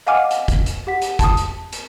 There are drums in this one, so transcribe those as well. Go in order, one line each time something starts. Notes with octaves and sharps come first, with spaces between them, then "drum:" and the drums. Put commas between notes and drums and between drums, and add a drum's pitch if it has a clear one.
D#5 F5 F#5 G#5 D6 F6
drum: hi-hat
drum: kick, hi-hat
drum: hi-hat
G4 F#5 B6
drum: hi-hat
A5 D#6, drum: kick, hi-hat
drum: hi-hat
drum: hi-hat